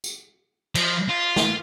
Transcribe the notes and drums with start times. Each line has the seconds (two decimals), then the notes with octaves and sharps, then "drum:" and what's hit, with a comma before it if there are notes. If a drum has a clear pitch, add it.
0.04 drum: tambourine
0.75 F3, drum: cymbal
1.09 F4
1.36 drum: snare